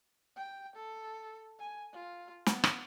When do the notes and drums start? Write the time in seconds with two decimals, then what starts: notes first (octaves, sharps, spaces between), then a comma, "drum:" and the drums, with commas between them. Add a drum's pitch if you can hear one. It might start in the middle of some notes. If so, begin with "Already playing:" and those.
0.36 G5
0.76 A4
1.59 G#5
1.93 F4
2.46 B3, drum: snare
2.64 drum: rim click